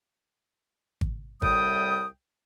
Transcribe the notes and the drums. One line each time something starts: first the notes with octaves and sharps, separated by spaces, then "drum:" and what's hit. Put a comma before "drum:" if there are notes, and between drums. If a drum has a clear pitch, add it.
drum: kick G#1
C2 A2 G3 G5 D#6, drum: kick G#1